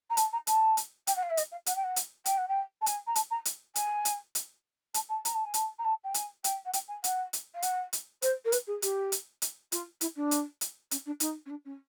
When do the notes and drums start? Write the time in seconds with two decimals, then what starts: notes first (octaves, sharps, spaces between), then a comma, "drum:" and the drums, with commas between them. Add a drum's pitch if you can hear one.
0.10 A#5
0.17 A5, drum: hi-hat
0.33 A#5
0.47 A5, drum: hi-hat
0.77 drum: hi-hat
1.07 G5, drum: hi-hat
1.16 F#5
1.23 F5
1.30 E5
1.37 D#5, drum: hi-hat
1.51 F5
1.66 F#5, drum: hi-hat
1.76 G5
1.84 F#5
1.96 drum: hi-hat
2.26 G5, drum: hi-hat
2.38 F#5
2.48 G5
2.81 A5
2.86 G#5, drum: hi-hat
3.07 A#5
3.16 A5, drum: hi-hat
3.30 A#5
3.45 drum: hi-hat
3.76 G#5, drum: hi-hat
4.05 drum: hi-hat
4.35 drum: hi-hat
4.94 A5, drum: hi-hat
5.09 A5
5.25 A#5, drum: hi-hat
5.35 A5
5.45 G#5
5.54 A5, drum: hi-hat
5.79 A#5
5.84 A5
6.04 G5
6.14 G#5, drum: hi-hat
6.44 G5, drum: hi-hat
6.65 F#5
6.73 G5, drum: hi-hat
6.88 G#5
7.04 F#5, drum: hi-hat
7.33 drum: hi-hat
7.54 F5
7.62 F#5, drum: hi-hat
7.93 drum: hi-hat
8.22 C5, drum: hi-hat
8.45 A#4
8.52 B4, drum: hi-hat
8.67 G#4
8.82 G4, drum: hi-hat
9.12 drum: hi-hat
9.42 drum: hi-hat
9.72 F4, drum: hi-hat
10.01 E4, drum: hi-hat
10.16 D4
10.31 drum: hi-hat
10.61 drum: hi-hat
10.91 C#4, drum: hi-hat
11.06 D4
11.20 D#4, drum: hi-hat
11.46 C#4
11.50 D4
11.65 C#4